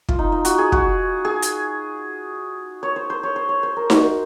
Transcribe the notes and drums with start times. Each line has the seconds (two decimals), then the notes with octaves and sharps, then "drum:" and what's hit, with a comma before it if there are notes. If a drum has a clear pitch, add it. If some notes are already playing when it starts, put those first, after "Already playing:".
0.09 F4, drum: kick
0.19 D#4
0.32 D#4
0.45 F#4, drum: hi-hat
0.58 G#4
0.72 F#4, drum: kick
1.25 G#4
1.42 drum: hi-hat
2.83 C#5
2.96 C5
3.10 C5
3.23 C#5
3.36 C5
3.49 C#5
3.63 C5
3.76 A#4
3.90 F#4, drum: snare D#4